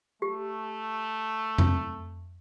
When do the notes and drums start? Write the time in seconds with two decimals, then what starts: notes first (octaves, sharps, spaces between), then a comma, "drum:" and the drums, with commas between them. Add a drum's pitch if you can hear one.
0.22 A3 G4
1.58 drum: tom F2